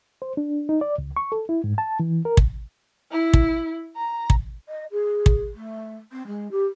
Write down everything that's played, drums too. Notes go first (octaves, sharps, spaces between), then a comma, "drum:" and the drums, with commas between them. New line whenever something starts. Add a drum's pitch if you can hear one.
C5
D4
D#4
D5
C#2
C#6
A4
E4
G#2
A5
E3
A#4
drum: kick
E4
drum: kick
A#5
drum: kick
D#5
G#4
drum: kick
A3
C4
G#3
G4